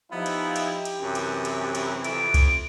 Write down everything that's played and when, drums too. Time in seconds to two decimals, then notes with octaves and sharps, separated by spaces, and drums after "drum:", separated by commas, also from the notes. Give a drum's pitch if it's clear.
0.12 F3 B3 D#4 E4 G4
0.26 drum: cymbal
0.56 drum: cymbal
0.85 drum: cymbal
1.00 F#2 C3 E3
1.15 drum: cymbal
1.45 drum: cymbal
1.75 drum: cymbal
2.04 F2 D7, drum: cymbal
2.34 drum: kick C2, cymbal